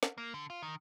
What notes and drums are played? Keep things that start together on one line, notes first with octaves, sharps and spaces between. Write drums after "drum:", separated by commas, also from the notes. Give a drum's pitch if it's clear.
drum: snare
A#3
D3
F4
D#3